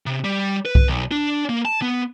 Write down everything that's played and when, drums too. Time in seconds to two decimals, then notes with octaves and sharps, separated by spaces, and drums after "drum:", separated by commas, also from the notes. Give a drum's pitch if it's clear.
0.06 C3
0.24 G3
0.65 B4
0.75 drum: kick C2
0.88 B1
1.11 D4
1.49 A#3
1.65 A5
1.82 B3